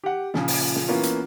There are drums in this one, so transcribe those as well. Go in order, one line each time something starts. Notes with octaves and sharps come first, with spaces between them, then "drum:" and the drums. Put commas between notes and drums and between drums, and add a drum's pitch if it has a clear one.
G4 F#5
A#2 C#3 F3, drum: snare
drum: open hi-hat
drum: snare
E3 A#3 B3 C#4 F4
drum: hi-hat